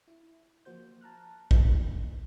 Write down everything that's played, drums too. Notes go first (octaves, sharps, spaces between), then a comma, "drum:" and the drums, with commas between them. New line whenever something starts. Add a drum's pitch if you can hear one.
E4
F3 A#3 F#4 C5 G6
A5 A#5 F6 F#6
C4 D#4 F4 G#4 A#4 C5, drum: kick
A#2 A#3 D4